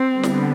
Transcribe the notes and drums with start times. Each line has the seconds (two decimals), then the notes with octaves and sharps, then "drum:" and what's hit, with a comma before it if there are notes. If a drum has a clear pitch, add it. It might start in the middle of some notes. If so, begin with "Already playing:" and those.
Already playing: C4
0.13 D3 G3 B3
0.23 drum: snare